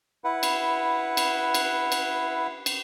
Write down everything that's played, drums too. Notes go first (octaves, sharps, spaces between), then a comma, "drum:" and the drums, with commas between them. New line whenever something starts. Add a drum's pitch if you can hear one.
E4 B4 F#5
drum: cymbal
drum: cymbal
drum: cymbal
drum: cymbal
drum: cymbal